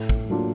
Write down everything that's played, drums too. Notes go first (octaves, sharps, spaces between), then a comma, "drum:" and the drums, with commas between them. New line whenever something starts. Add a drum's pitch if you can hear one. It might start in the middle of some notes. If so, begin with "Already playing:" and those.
Already playing: A2
drum: kick
F#3 A#3 D4 F4